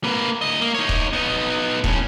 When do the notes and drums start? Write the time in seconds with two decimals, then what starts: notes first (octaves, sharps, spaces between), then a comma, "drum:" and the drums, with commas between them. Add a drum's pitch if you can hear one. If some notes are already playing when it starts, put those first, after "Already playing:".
0.04 A#3 B4
0.42 D2 D#5
0.61 A#3
0.75 D#4 C#5
0.89 drum: kick
1.13 B3 D#4
1.84 A2 C#4, drum: kick